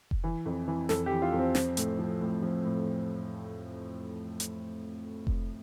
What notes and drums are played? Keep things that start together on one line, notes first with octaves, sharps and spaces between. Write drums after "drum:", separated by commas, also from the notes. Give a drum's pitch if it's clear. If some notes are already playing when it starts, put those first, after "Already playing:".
drum: kick F1
E3
F2
E3
F2 A4, drum: snare
G4
E3
F4
F2
C4
F3, drum: snare
A2, drum: hi-hat
F3
A2
F3
A2
drum: hi-hat
drum: kick F1